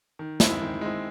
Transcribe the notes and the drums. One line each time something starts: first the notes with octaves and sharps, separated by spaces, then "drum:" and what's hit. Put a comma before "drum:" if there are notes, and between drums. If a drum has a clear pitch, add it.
D#3
G#3 C4 E4, drum: snare
D#3
G#3 C4 E4